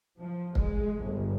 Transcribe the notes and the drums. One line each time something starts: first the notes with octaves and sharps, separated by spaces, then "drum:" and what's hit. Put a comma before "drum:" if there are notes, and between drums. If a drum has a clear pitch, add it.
F3
G#3, drum: kick
G1